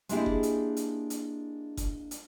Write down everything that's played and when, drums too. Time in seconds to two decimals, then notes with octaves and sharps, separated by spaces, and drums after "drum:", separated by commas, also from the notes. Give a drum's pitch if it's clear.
0.09 G#3 A#3 D4 E4 G4 G#4, drum: hi-hat
0.26 drum: kick F#1
0.43 drum: hi-hat
0.77 drum: hi-hat
1.10 drum: hi-hat
1.77 drum: kick F#1, hi-hat
2.11 drum: hi-hat